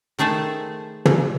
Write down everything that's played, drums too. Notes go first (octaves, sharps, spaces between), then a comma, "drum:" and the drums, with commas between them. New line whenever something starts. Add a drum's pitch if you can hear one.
D#3 A3 G#4 A4 C5
drum: tom